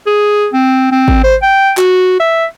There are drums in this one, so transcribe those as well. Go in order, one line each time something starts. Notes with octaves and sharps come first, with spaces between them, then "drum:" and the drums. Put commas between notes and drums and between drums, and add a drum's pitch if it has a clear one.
G#4
C4
C4
drum: kick G#1
C5
G5
F#4, drum: clap
E5